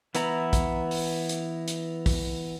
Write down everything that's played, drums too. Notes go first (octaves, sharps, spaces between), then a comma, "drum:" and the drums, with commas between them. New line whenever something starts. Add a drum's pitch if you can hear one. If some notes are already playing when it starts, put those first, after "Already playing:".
E3 B3 E4 A#5, drum: hi-hat
drum: kick, hi-hat
drum: open hi-hat
drum: hi-hat
drum: hi-hat
drum: kick, open hi-hat